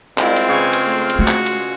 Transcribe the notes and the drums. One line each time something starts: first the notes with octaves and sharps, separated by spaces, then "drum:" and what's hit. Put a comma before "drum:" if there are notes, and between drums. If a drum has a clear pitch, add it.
G3 G#3 C4 E4 F4 A#4, drum: clap
drum: cymbal
C#3 B4 F5 G#5 C#6
drum: cymbal
A3
drum: cymbal
A3 F#4
drum: clap
drum: cymbal